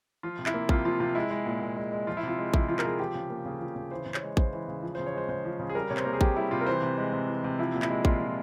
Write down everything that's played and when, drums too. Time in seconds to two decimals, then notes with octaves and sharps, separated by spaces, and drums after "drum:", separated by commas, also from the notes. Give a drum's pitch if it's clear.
0.23 F3 F4
0.39 C3
0.46 E4, drum: clap
0.54 A#3
0.69 C3 F4, drum: kick A1
0.85 F3 F4
1.00 C3 F4
1.15 G#3 E4
1.31 G#3
1.46 A#2
1.61 A#2
1.76 G#3
1.92 G#3
2.07 F3 F4
2.17 E4
2.23 C3 F4
2.38 G#3
2.54 C3 E4, drum: kick A1
2.68 F3 F4
2.79 A#4, drum: clap
2.84 C3 G#4
2.99 F3 G4
3.15 C#3
3.30 A#3
3.45 C#3
3.61 F3
3.76 C#3
3.91 E3 C5
4.06 C#3
4.14 C#5, drum: clap
4.23 G#3
4.37 C#3 C5, drum: kick A1
4.53 E3 C5
4.68 C#3
4.83 F3
4.95 C5
4.99 C#3
5.06 C#5
5.14 G#3 C5
5.29 C#3 C5
5.45 F3
5.60 C#3
5.70 G#4
5.75 G3 A#4
5.90 C3 C#5
5.97 C5, drum: clap
6.05 A#3 A#4
6.13 G#4
6.21 C3 G4, drum: kick A1
6.37 G3 E4
6.51 C3 F4
6.61 A#4
6.67 E3 C5
6.83 C3
6.97 G#3
7.13 C3
7.28 E3
7.44 C3
7.59 F3 E4
7.74 A#2
7.82 E4, drum: clap
7.90 G#3
8.05 A#2 F4, drum: kick A1
8.20 F3